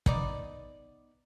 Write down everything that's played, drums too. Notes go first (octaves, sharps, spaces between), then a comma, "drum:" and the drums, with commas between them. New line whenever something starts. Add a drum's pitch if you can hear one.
B3 D#4 D5, drum: kick